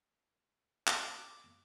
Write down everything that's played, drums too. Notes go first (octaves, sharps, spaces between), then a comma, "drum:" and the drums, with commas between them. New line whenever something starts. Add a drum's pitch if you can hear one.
D6, drum: clap